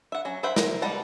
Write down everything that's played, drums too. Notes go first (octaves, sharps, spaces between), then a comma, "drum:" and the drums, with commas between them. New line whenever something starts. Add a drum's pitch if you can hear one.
E5 F#5
F#3 C#4
B4 C5 E5 F#5 G5
A#4, drum: snare
G3 D#4 B4 F#5 A5